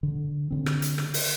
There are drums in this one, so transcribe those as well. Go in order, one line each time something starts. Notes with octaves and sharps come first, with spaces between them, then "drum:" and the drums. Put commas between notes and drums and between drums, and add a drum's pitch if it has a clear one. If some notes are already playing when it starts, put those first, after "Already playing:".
D3
D3 C4
drum: rim click
drum: hi-hat
drum: rim click
drum: open hi-hat